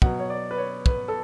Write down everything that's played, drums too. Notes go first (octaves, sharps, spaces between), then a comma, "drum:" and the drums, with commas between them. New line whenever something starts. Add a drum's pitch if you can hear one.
B2 F#3 F#5, drum: kick
C#5
D5
B4
C#5
B4, drum: kick
A4